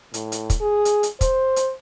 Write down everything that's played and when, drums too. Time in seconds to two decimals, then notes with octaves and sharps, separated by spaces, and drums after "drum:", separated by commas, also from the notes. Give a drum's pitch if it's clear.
0.14 A2, drum: hi-hat
0.32 drum: hi-hat
0.50 drum: kick, hi-hat
0.61 G#4
0.85 drum: hi-hat
1.03 drum: hi-hat
1.21 C5, drum: kick, hi-hat
1.56 drum: hi-hat